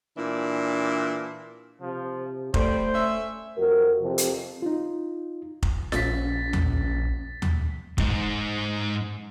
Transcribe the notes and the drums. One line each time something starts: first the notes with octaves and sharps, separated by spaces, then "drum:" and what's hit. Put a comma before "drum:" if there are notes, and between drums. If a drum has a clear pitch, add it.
A#2 E3 D4
C3 F3
F3 G3 A3 C5, drum: kick F1
C#4 E5
F2 F#4 A#4
F2 C3
drum: hi-hat
D#4 F4
drum: kick F1
A#1 C#4 A6 B6, drum: snare F4
drum: tom D#2
drum: tom D#2
C2 G#2, drum: kick F1